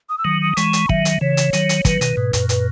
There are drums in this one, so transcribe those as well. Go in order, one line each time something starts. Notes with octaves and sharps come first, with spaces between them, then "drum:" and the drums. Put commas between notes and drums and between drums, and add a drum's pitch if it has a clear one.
D#6
E6
D#3 F#3 D#6
D#6
E3 G#3 C#6, drum: hi-hat
drum: hi-hat
D#3 F#3 E5, drum: kick
drum: hi-hat
C#3 E3 C#5
drum: hi-hat
D#3 F#3, drum: hi-hat
drum: hi-hat
D#3 F#3 B4, drum: kick, hi-hat
B2 D#3, drum: hi-hat
G#2 B2
F#2 A#2, drum: hi-hat
B4, drum: hi-hat